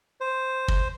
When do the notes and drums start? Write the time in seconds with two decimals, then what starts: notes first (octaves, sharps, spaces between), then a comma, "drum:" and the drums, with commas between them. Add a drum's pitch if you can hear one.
0.21 C5
0.68 drum: kick